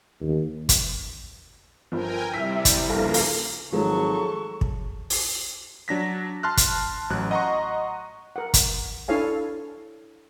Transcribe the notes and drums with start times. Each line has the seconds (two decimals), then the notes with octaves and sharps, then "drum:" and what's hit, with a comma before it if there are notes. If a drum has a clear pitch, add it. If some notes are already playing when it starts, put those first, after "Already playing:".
0.21 D#2
0.69 drum: kick, hi-hat
1.92 G1 F3 A#4 G5 G#5
2.34 C3 G3 E4 E5 B6
2.65 drum: kick, hi-hat
2.89 C2 G2 C#3 F3 A#3 A4 F5 A#5
3.14 drum: open hi-hat
3.73 G#1 F3 F#3 G#3 A3 A4 C#6
4.61 drum: kick
5.10 drum: open hi-hat
5.88 F#3 D4 A#6 B6
6.43 A5 C6 F6 F#6
6.57 drum: kick, hi-hat
7.10 A1 F#3 F#6
7.31 D#5 F#5 A#5 C6 C#6
8.36 A#4 F#5
8.54 drum: kick, hi-hat
9.08 D4 E4 A4 C#5 F5 G#5